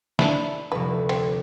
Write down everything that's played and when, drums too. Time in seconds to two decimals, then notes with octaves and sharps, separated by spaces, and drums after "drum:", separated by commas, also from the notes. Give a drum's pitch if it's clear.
0.19 D4 E4, drum: snare
0.72 F1 D2 B4
1.09 C4, drum: cymbal